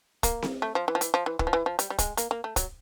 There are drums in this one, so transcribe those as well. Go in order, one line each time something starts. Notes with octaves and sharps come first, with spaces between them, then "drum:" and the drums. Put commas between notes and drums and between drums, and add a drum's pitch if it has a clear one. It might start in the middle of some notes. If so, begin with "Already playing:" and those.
A#3, drum: kick, hi-hat
drum: snare C4
A3
F3
E3
F3
E3, drum: hi-hat
F3
E3
E3, drum: kick
F3
E3
F3
G3, drum: hi-hat
G3
G#3, drum: kick, hi-hat
A#3, drum: hi-hat
A#3
A3
F#3, drum: kick, hi-hat